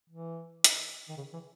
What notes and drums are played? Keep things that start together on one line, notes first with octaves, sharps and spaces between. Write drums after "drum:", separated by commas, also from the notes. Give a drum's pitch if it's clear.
E3
drum: hi-hat
D#3
C#3
E3